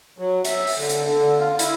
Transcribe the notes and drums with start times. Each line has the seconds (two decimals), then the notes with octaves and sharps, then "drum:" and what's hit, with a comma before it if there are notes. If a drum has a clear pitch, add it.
0.19 F#3
0.45 E5, drum: hi-hat
0.67 drum: open hi-hat
0.77 D3
0.89 drum: hi-hat
1.05 D3
1.39 F4
1.59 E4, drum: hi-hat